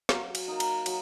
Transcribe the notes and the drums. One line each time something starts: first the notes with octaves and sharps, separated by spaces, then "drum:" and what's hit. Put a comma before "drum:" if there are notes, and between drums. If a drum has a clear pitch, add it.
F#3 F5, drum: snare
drum: cymbal
A#3 D#4
drum: cymbal
F#3, drum: cymbal